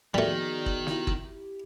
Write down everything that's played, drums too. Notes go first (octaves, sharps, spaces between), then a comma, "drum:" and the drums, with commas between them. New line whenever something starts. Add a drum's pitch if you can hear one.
D#3 F3 G3 A3 B3 F#4 G#4 D5
drum: kick
E4 G4, drum: snare
drum: kick